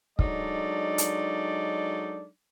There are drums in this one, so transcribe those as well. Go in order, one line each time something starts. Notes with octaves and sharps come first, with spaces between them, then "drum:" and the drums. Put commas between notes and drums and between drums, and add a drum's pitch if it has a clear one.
F#3 G#3 D4 D#4 A4 D5, drum: kick
drum: hi-hat